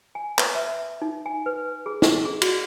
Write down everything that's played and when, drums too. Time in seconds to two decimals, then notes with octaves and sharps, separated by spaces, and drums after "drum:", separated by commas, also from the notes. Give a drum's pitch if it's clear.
0.15 G#5
0.39 B4, drum: clap
0.55 E5
1.02 D#4
1.26 G#5
1.46 B4
1.86 G#4
2.02 drum: snare
2.25 G#4
2.42 F#4, drum: cymbal